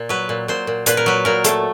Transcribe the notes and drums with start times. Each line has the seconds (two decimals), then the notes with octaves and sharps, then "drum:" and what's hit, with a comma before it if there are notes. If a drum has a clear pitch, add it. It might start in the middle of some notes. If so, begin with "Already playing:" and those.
Already playing: A#2
0.09 F#3 B4
0.29 A#2
0.48 A#2 C5
0.67 A#2
0.86 A#2 B4, drum: hi-hat
0.97 A#4
1.06 F#3 B4
1.25 A#2 A#4
1.44 A3, drum: hi-hat